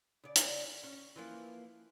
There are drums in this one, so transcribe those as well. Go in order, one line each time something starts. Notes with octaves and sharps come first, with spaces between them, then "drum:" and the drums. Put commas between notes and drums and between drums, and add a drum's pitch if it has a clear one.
C#3 D5
drum: hi-hat
C#4
E3 F3 A#3